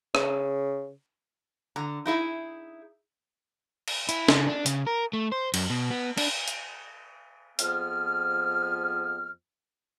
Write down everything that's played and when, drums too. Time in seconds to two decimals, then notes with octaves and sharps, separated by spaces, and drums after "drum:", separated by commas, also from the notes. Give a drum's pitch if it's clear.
0.15 C#3, drum: rim click
1.76 D3 A#5
2.06 D#4 E4 G#4 E5
3.88 drum: cymbal
4.09 E4, drum: hi-hat
4.29 C#3, drum: snare
4.47 D4
4.66 C#3, drum: hi-hat
4.87 A#4
5.13 A3
5.32 C5
5.54 F#2, drum: cymbal
5.70 B2
5.90 B3
6.18 D4, drum: cymbal
6.48 drum: hi-hat
7.59 F2 F3 B3 G#4 F6, drum: hi-hat